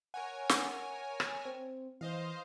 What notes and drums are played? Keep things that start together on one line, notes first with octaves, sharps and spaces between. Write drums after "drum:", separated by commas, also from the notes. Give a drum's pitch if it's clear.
A#4 C#5 F#5 G#5
drum: snare
drum: rim click
C4
E3 C5 D#5 F5